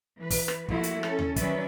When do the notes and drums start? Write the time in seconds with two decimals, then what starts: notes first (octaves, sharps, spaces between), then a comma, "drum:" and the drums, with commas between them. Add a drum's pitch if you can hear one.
0.18 E3 B4
0.30 drum: kick, open hi-hat
0.48 drum: rim click
0.68 F3 A3 A#3 E4 F#4, drum: kick
0.83 drum: hi-hat
1.03 C#4 A4, drum: rim click
1.19 drum: tom D#2
1.36 D#3 F#3 C#4 B4 D5 E5, drum: kick, hi-hat